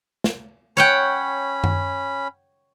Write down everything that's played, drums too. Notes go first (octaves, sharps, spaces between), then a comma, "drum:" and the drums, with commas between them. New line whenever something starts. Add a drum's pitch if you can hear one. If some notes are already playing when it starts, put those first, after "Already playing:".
drum: snare
C#4 C#5 F#5 G5 B5
drum: tom F#2